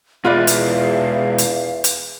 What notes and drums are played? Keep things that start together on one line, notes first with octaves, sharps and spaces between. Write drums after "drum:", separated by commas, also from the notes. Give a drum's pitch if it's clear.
E2 B2 G#3 F4 B4 D5 E5 F5
drum: hi-hat
drum: hi-hat
drum: hi-hat